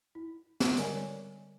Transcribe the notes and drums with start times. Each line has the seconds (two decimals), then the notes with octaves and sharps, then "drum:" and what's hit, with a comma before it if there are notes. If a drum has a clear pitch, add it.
0.15 E4
0.60 drum: snare
0.77 D3 G3 A#4 C#5 D5 G#5, drum: hi-hat